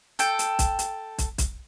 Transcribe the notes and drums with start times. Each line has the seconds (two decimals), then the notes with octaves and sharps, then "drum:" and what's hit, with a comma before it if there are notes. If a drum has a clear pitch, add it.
0.19 A4 G5, drum: hi-hat
0.39 drum: hi-hat
0.59 drum: kick, hi-hat
0.79 drum: hi-hat
1.18 drum: kick, hi-hat
1.38 drum: kick, hi-hat